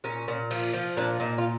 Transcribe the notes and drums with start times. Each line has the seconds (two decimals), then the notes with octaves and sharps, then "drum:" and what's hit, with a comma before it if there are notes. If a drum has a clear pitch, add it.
0.04 A#2 C#4
0.28 A#2
0.51 F3, drum: cymbal
0.73 F3
0.97 A#2 D4
1.20 A#2 D#4
1.38 F4